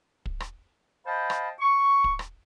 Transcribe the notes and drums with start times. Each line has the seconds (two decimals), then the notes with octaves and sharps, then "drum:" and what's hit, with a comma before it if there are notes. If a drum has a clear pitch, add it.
0.26 drum: kick
0.40 drum: rim click
1.06 C5 D#5 F5 G5 A5 B5
1.30 drum: rim click
1.60 C#6
2.04 drum: kick
2.19 drum: rim click